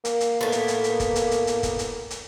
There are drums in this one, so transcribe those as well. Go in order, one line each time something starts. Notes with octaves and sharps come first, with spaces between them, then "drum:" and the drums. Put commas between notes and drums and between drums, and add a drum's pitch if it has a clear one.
A#3, drum: hi-hat
drum: hi-hat
A2 B3
drum: hi-hat
drum: hi-hat
drum: hi-hat
drum: kick, hi-hat
drum: hi-hat
drum: hi-hat
drum: hi-hat
drum: kick, hi-hat
drum: hi-hat
drum: hi-hat